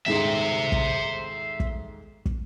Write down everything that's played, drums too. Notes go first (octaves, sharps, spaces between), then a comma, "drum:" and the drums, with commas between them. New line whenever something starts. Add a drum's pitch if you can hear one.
D#1 G#2 D#4 C5 E5
drum: kick
drum: kick
drum: kick